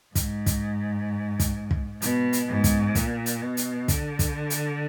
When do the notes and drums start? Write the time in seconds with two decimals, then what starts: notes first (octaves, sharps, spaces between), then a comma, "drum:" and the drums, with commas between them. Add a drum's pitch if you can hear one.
0.15 G#2, drum: kick, hi-hat
0.46 drum: kick, hi-hat
1.40 drum: kick, hi-hat
1.71 drum: kick
2.02 B2, drum: hi-hat
2.33 drum: hi-hat
2.48 G#2
2.64 drum: kick, hi-hat
2.95 A#2, drum: kick, hi-hat
3.26 drum: hi-hat
3.42 B2
3.57 drum: hi-hat
3.88 D3, drum: kick, hi-hat
4.19 drum: kick, hi-hat
4.50 drum: hi-hat